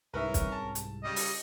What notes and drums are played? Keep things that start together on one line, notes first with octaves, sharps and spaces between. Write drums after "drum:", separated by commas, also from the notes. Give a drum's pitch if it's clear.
C2 G#2 C#4 A#4 B4 E5
drum: kick B1, hi-hat
A5
drum: hi-hat
C#3 G3 D#5
drum: open hi-hat